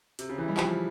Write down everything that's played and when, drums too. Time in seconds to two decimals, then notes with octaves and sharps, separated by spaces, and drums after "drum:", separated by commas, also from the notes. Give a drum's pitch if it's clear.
0.19 C3, drum: hi-hat
0.29 C#3
0.38 E3
0.48 G3
0.57 F3, drum: clap